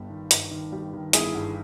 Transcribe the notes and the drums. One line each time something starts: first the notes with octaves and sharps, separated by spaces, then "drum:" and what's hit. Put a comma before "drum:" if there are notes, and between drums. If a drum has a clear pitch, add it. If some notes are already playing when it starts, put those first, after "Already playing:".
Already playing: G1 G2 G3
D#3
G2, drum: hi-hat
D#3
G3
D#3
G1 E4 G#4, drum: hi-hat
G2